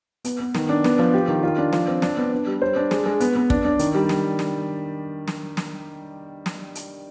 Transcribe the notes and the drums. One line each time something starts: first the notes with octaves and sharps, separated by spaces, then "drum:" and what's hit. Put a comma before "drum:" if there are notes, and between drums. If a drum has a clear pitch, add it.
B3, drum: hi-hat
B3
D#3, drum: snare
D4
B3, drum: snare
F3
G4
D#3
F4
D4
F3, drum: snare
C4
D4, drum: snare
B3
D4
G3
C5
D4
G#3, drum: snare
G#3
B3, drum: hi-hat
B3
D4, drum: kick
D4
D#3, drum: hi-hat
G3
drum: snare
drum: snare
drum: snare
drum: snare
drum: snare
drum: hi-hat